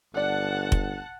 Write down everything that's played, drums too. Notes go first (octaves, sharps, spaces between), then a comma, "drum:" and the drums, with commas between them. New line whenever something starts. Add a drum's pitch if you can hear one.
G1 G4 D5 F#5 A5
drum: kick F1